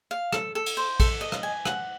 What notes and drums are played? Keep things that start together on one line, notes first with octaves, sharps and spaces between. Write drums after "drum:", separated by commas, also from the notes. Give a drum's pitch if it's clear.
F5
A4, drum: rim click
A4
drum: cymbal
C5
A4, drum: kick A#1, cymbal
D#5
drum: rim click
G#5
F#5, drum: rim click